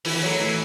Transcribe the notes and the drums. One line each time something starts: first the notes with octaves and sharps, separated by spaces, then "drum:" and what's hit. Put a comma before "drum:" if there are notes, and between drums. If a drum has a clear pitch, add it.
E3 E4, drum: open hi-hat
E3
F#3 A3
A2 E3